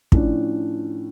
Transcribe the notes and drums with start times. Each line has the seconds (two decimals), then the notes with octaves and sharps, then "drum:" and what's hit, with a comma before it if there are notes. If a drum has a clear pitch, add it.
0.12 A2 F3 C#4 D4, drum: kick